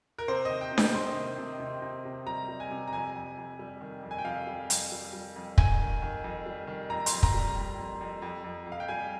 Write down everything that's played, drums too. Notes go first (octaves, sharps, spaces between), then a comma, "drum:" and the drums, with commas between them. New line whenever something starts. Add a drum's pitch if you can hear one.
A#4
C3 C5
D#3 D#5
G5
C3
G5, drum: snare D4
C3 C6
D#3
C3
C3
C3
C3
G3 A#5
G3
G#5
C3
A#5
F2 G#5
F2
F2
G3
D#3
F2
G#5
G5
F2 F5
G3
F2, drum: hi-hat
G3
G3
F2
D#3 G#5, drum: kick
D#3
D#3
F2
G3
D#3
F2 A#5
C6, drum: hi-hat
F2
A#5, drum: kick
G3 A#5
F2
F2
F2
F2
F2
F2
F5
G5
G3 G#5